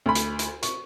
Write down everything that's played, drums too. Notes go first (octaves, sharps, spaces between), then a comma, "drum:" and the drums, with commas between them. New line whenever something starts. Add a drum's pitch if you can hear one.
D2 B5
drum: hi-hat
drum: hi-hat
C#6, drum: hi-hat